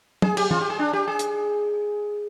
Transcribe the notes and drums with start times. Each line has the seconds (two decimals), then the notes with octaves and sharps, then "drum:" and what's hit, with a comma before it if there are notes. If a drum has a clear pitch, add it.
0.22 G#4, drum: tom
0.37 G4, drum: cymbal
0.51 F4, drum: tom
0.61 G4
0.70 G#4
0.79 D4
0.93 G4
1.07 G#4
1.19 drum: hi-hat